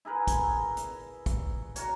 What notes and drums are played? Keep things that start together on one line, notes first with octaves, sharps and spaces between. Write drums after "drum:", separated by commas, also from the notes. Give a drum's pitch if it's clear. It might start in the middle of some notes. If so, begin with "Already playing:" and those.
E4 G#4 A#4 B4
drum: kick, hi-hat
drum: hi-hat
drum: kick, hi-hat
F#4 A#4 C#5, drum: hi-hat